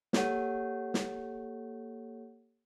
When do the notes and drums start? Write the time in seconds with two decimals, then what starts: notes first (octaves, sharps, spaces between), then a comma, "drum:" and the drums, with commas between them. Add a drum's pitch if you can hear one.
0.13 A#3 G4 A4 C#5 F#5, drum: snare
0.94 drum: snare